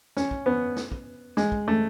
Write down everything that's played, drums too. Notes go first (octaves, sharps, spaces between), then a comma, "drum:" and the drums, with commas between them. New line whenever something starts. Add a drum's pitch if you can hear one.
C#4, drum: snare
drum: kick
B3
drum: snare
drum: kick
G#3, drum: snare
drum: kick
A3